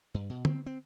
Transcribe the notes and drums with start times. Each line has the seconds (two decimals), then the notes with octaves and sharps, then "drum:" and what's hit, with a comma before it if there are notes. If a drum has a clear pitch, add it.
0.14 G2
0.30 B2
0.45 C4, drum: tom D3
0.66 C4